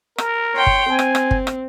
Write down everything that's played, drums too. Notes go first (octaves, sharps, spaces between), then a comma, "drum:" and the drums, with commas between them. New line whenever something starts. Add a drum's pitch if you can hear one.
A#4, drum: rim click
C#5 G5 C6
drum: kick
C4 G#5
drum: rim click
drum: rim click
drum: kick
drum: rim click